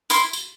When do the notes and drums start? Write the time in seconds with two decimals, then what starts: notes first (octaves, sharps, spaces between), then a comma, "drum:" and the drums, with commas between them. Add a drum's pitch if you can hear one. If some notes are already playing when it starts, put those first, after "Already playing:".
0.10 E4 C6, drum: tambourine
0.33 drum: tambourine